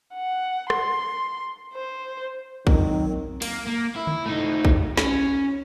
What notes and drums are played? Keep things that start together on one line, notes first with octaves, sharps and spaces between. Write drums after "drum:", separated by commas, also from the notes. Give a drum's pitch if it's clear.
F#5
C6, drum: rim click
C5
D#3 F#3 C4, drum: kick
A#3, drum: cymbal
A#3
E4
drum: tom
A3 D#4
drum: kick
C#4, drum: snare